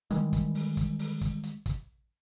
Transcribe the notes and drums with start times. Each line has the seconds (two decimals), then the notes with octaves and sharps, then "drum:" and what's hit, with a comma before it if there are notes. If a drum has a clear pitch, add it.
0.11 D#3 E3 G3 G#3, drum: hi-hat
0.33 drum: kick, hi-hat
0.55 drum: open hi-hat
0.77 drum: kick, hi-hat
0.99 drum: open hi-hat
1.21 drum: kick, hi-hat
1.44 drum: hi-hat
1.66 drum: kick, hi-hat